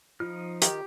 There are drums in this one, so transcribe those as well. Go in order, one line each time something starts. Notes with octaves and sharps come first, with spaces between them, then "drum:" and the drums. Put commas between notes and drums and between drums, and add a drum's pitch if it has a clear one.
F3 D#4 F4 F6
D#3 G4, drum: hi-hat